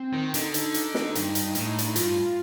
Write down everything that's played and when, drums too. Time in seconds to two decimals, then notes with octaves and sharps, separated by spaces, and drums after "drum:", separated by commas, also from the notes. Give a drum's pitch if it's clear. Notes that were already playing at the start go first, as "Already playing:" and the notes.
Already playing: C4
0.13 D#3
0.34 D3 D#4, drum: hi-hat
0.54 drum: hi-hat
0.74 drum: hi-hat
0.95 drum: snare
1.15 G2, drum: hi-hat
1.35 drum: hi-hat
1.55 A2, drum: hi-hat
1.78 D4, drum: hi-hat
1.87 D#4
1.96 G2 F4, drum: hi-hat